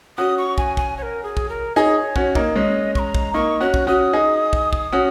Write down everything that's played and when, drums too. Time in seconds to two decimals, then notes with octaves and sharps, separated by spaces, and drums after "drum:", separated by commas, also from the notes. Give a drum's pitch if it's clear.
0.18 C#4 F#4 D#6
0.38 C#6
0.58 G#5, drum: kick
0.77 G#5, drum: kick
0.98 C#5
1.02 A#4
1.23 G#4
1.37 drum: kick
1.49 A#4
1.76 D#4 G#4 C#5
2.16 C#4 F#4, drum: kick
2.35 A#3 D#4, drum: kick
2.56 G#3 C#4 D#5
2.95 C#6, drum: kick
2.99 A#5
3.15 drum: kick
3.34 A#3 D#4 C#6
3.60 C#4 F#4 F#6
3.74 drum: kick
3.87 C#4 F#4 D#6
4.13 D#4 G#4
4.53 drum: kick
4.73 drum: kick
4.93 C#4 F#4